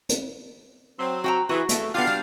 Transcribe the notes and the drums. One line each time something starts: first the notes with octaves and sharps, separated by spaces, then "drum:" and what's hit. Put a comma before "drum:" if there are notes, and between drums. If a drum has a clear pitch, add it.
drum: hi-hat
F#3 C4
F#4 G5 A#5
E3 F#4 G#4
A3, drum: hi-hat
B3 D4 F4 G4 F5
G3